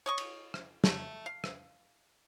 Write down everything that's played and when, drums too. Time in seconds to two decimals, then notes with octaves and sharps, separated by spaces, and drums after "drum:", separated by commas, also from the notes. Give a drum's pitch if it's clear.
0.06 C#5 D#5 C#6
0.18 drum: cymbal
0.54 drum: rim click
0.84 A3, drum: snare
1.26 F5
1.44 drum: rim click